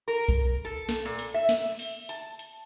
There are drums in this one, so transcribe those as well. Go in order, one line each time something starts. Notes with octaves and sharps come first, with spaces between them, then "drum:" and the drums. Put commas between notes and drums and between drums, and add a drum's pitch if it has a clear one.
A#4
drum: kick B1, hi-hat
A4
drum: snare
A#2
drum: hi-hat
E5
drum: snare
drum: open hi-hat
A5, drum: hi-hat
drum: hi-hat